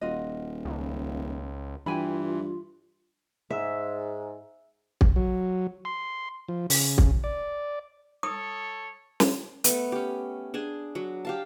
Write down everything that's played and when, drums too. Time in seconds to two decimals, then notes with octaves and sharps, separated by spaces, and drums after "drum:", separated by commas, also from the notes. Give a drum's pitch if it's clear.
0.01 D#1 F4 F#4 D#5
0.65 C#2
1.86 G2 E3 F4 G5 G#5 B5
3.51 G#2 E5
5.01 drum: kick
5.16 F#3
5.85 C6
6.48 F3
6.70 C#3, drum: open hi-hat
6.98 drum: kick
7.24 D5
8.23 A4 C#5 D#6
9.20 drum: snare
9.64 A3 B3, drum: hi-hat
9.92 C#4 G4
10.54 D4 G#4 G#5
10.95 F#3
11.25 G4 F5 A5